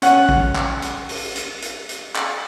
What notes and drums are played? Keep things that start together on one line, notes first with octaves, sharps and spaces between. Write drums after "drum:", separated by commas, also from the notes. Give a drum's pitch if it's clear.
C#4 F#5, drum: hi-hat
drum: kick
drum: clap
drum: hi-hat
drum: open hi-hat
drum: hi-hat
drum: hi-hat
drum: hi-hat
drum: clap